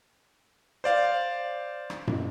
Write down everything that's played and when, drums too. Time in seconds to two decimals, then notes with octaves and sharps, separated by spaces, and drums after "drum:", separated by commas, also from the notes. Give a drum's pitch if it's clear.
0.84 C5 D5 F5
1.90 drum: rim click
2.07 drum: tom F#2